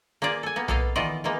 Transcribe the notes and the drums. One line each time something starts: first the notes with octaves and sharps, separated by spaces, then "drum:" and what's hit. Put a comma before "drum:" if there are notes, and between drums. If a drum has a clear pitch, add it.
A#3 F4 G#4 D5
A4 G#5
A#3 B3
A#3 B3 A4 D#5 F5, drum: tom B1
D#3 E3 B3 F4 D5 D#5
E3 G#3 A#3 B3